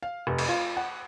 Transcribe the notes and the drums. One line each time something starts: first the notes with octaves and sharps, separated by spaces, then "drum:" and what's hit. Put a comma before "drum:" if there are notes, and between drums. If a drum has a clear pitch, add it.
F5
F1
drum: cymbal
F4
F#5